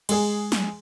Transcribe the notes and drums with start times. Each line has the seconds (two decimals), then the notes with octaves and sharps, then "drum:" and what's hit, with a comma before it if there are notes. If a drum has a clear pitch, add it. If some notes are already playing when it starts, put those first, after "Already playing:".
0.09 G#3 G#4, drum: cymbal
0.52 drum: snare